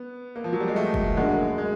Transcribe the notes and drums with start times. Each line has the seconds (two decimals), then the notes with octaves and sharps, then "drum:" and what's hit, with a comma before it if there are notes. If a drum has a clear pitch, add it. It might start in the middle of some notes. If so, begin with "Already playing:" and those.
Already playing: B3
0.36 A#3
0.44 F3
0.53 F#3
0.60 G3
0.68 G#3
0.76 A3
0.94 drum: kick
1.17 F#2 D3 F#3 G#3 A#3
1.58 G#3